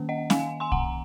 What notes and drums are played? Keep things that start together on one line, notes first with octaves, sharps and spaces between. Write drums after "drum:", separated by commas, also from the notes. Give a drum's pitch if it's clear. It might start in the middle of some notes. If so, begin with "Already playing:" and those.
Already playing: D#3 A#3 C#4
D#5 F#5
F5 G#5, drum: snare C#4
G#5 C6
F#5 A#5, drum: kick